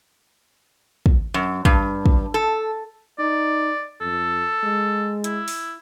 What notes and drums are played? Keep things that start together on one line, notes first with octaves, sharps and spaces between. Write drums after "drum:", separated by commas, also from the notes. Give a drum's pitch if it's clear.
drum: kick
F#2
G2, drum: kick
drum: kick
A4
D#4 D5
F2 A4
G#3
E4, drum: hi-hat
drum: open hi-hat